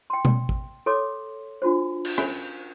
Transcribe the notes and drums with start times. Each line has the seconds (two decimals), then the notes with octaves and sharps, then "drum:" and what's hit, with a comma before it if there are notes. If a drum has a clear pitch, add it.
0.10 G5 C6
0.25 drum: tom B2
0.49 drum: kick A1
0.86 A4 C#5 C6 D6
1.62 D4 F4 F#4 C5
2.05 drum: cymbal
2.18 C#4 A#4 G#5 B5, drum: rim click